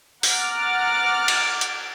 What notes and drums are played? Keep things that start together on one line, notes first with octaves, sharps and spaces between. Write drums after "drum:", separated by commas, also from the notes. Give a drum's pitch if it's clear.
F#5 A#5 D6 F6 A6 D7, drum: open hi-hat
drum: cymbal
drum: hi-hat